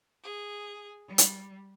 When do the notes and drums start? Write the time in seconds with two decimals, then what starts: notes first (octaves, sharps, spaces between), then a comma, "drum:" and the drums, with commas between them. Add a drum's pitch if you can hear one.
0.23 G#4
1.07 G3
1.18 drum: hi-hat